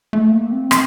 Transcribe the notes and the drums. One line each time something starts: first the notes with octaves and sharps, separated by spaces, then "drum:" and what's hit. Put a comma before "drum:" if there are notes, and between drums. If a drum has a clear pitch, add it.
A3
A#3
C4
drum: rim click